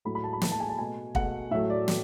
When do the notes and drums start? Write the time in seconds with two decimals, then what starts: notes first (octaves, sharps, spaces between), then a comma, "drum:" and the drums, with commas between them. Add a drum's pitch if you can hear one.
0.05 A2 F#3 A3 B5
0.15 B5
0.24 A5
0.33 B5
0.41 A2 F#3 A3 A5, drum: snare
0.52 A5
0.60 G#5
0.69 A5
0.78 B2 A3 G#5
1.15 B2 A3 F#5, drum: kick
1.51 A2 F#3 A3 E5
1.70 D5
1.88 A3, drum: snare